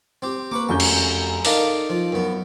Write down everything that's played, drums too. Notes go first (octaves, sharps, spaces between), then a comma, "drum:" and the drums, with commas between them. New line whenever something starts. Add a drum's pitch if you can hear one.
C4 G4
A#3 B4 C#6 D6
F1 F#2 C#6 G6
drum: cymbal
D#4 A4 A#4 D5 F5, drum: open hi-hat
F3
F#2 B3